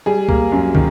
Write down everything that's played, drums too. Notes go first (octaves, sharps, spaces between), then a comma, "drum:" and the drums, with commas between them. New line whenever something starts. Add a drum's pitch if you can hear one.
G3 G#4
A#3, drum: kick
F#2
D#3, drum: kick